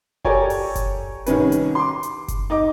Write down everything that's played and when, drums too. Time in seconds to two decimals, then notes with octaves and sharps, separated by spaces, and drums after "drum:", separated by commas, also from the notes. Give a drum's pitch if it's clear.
0.25 G4 A4 A#4 C#5 D5 G#5, drum: kick F#1
0.50 drum: open hi-hat
0.75 drum: kick F#1, hi-hat
1.26 C2 D#3 C#4 B4, drum: hi-hat
1.52 drum: hi-hat
1.75 C6 D6
2.03 drum: hi-hat
2.28 drum: kick F#1, hi-hat
2.50 D#4 D#5 D6